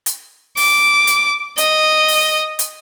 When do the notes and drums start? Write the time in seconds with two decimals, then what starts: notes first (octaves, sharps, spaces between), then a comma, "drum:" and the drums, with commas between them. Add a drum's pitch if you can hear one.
0.06 drum: hi-hat
0.57 D6, drum: open hi-hat
1.07 drum: hi-hat
1.58 D#5, drum: hi-hat
2.08 drum: open hi-hat
2.59 drum: hi-hat